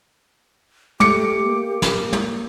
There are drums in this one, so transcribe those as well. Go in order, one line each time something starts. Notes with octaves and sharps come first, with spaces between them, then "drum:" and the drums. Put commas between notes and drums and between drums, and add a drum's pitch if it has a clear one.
A3 G4 D6 C#7, drum: tom
A#3
drum: snare
drum: tom